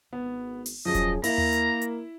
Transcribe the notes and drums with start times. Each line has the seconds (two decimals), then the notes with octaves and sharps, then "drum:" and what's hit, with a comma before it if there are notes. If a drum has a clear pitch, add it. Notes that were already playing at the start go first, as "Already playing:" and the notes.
0.13 G#1 B3
0.66 drum: open hi-hat
0.86 F#2 F3 C#4 G#4 D#5
0.95 drum: kick D#1, hi-hat
1.24 A#3 E4 E5 A#5, drum: open hi-hat
1.38 drum: tom D#2
1.53 drum: hi-hat
1.82 drum: hi-hat